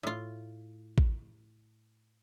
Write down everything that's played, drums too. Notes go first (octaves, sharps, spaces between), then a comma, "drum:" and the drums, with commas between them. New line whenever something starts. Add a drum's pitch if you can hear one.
A2 F4
drum: kick A1